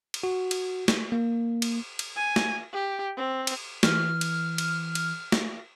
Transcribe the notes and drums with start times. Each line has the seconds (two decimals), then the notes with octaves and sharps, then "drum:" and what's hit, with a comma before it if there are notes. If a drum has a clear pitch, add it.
0.14 drum: cymbal
0.23 F#4
0.51 drum: cymbal
0.88 drum: snare
1.12 A#3
1.62 drum: cymbal
1.99 drum: cymbal
2.16 G#5
2.36 drum: snare
2.73 G4
3.17 C4
3.47 drum: cymbal
3.83 E3 F6, drum: snare
4.21 drum: cymbal
4.58 drum: cymbal
4.95 drum: cymbal
5.32 drum: snare